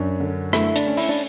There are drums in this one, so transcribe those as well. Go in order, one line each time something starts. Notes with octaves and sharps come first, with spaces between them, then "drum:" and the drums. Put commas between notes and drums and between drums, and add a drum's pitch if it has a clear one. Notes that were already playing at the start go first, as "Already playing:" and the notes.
Already playing: F#2 C#4 D4
D3
A3 E4, drum: rim click
D4, drum: hi-hat
C#4
E4, drum: open hi-hat
D4